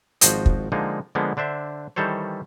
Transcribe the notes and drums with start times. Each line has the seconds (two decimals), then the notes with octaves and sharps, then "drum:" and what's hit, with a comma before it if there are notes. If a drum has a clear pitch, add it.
0.21 G#1 F3 F#4 C5 D#5, drum: hi-hat
0.46 drum: kick
0.72 D3 F3 G#3 A#3 D#4
1.15 D3 F3 G#3 A#3 B3
1.37 D3 D4 C5 E5
1.96 D#3 E3 G3 A4 C5 C#5